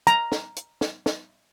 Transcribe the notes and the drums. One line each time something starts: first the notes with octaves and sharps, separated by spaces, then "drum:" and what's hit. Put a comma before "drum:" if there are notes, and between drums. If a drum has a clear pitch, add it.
A#5, drum: hi-hat
drum: snare
drum: hi-hat
drum: snare
drum: snare